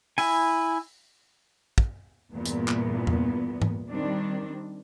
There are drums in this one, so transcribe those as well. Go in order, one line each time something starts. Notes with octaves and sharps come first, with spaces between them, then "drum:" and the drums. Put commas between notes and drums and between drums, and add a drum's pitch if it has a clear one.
E4 G#5, drum: open hi-hat
drum: kick
E2 G2 A#2 B3
drum: hi-hat
drum: clap
drum: tom E2
drum: tom G#2
D#3 G3 C4 D4